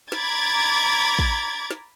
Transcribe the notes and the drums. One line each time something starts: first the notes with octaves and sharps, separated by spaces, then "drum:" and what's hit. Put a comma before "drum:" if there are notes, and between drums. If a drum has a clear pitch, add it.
A#5 B5 D6 G#6 A6, drum: snare
drum: kick
drum: snare